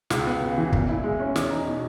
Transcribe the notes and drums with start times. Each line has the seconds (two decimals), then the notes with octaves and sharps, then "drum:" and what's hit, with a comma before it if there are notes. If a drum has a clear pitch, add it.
0.10 C#2, drum: snare
0.26 B3
0.42 C#3
0.58 E3
0.73 A#2, drum: kick
0.89 E4
1.04 G#3
1.20 C#4
1.36 E2, drum: snare
1.51 D#4
1.67 B2